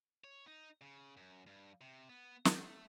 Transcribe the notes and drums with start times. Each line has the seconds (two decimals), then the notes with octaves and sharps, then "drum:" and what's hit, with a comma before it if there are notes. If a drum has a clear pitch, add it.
0.24 C#5
0.47 D#4
0.81 C#3
1.17 F#2
1.46 G2
1.81 C3
2.09 B3
2.45 A3, drum: snare